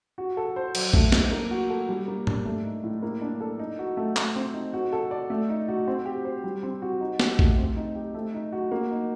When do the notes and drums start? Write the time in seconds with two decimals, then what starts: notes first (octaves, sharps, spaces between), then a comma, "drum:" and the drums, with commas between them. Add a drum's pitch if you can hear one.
0.18 F#4
0.37 A4
0.56 C5
0.75 F#3, drum: cymbal
0.94 A3, drum: kick A#1
1.12 D#4, drum: snare
1.31 A#3
1.51 F#4
1.70 A4
1.89 G3
2.08 A#3
2.27 D4, drum: tom G#2
2.45 A3
2.65 D#4
2.84 A2
3.03 A#3
3.21 D4
3.41 A4
3.59 D#4
3.79 F#4
3.97 A3
4.16 A3, drum: clap
4.36 C4
4.54 D#4
4.73 F#4
4.92 A4
5.11 D5
5.30 A3
5.49 D#4
5.68 F#4
5.88 C4
6.06 G4
6.25 C5
6.44 G3
6.63 C4
6.82 F#4
7.01 D#4
7.20 G4, drum: snare
7.39 A3, drum: kick A#1
7.58 C4
7.76 D#4
7.95 G4
8.14 A3
8.34 D#4
8.52 F#4
8.72 A#3
8.91 D#4